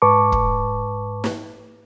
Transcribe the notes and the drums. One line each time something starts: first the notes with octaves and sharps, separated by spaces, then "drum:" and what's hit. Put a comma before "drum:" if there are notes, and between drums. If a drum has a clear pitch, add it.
G#2 B4 A5 C#6 D6
drum: kick
drum: snare